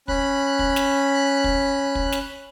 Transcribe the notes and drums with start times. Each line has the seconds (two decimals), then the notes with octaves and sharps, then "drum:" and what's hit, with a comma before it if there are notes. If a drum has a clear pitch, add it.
0.08 C#4 B5 F#6, drum: kick
0.59 drum: kick
0.76 drum: snare
1.44 drum: kick
1.95 drum: kick
2.12 drum: snare